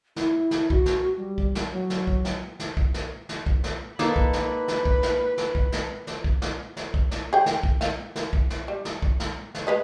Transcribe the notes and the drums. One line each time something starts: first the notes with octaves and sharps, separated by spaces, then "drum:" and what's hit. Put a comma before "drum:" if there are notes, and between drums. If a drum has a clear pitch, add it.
E4, drum: snare
drum: snare
F#4, drum: kick
drum: snare
G3
drum: kick
drum: snare
F#3
drum: snare
drum: kick
drum: snare
drum: snare
drum: kick
drum: snare
drum: snare
drum: kick
drum: snare
A#3 D#4 A4 B4, drum: snare
drum: kick
drum: snare
drum: snare
drum: kick
drum: snare
drum: snare
drum: kick
drum: snare
drum: snare
drum: kick
drum: snare
drum: snare
drum: kick
drum: snare
G#4 G5
drum: snare
drum: kick
F5, drum: snare
drum: snare
drum: kick
drum: snare
G3
drum: snare
drum: kick
drum: snare
drum: snare
G#3 B4 D#5